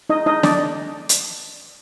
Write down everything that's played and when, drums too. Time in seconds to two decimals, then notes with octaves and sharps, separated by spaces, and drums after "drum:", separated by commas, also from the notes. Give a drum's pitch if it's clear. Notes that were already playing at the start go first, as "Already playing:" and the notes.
0.10 D#4 D#5
0.26 D#4 D#5
0.43 D4 D5, drum: snare
1.09 drum: hi-hat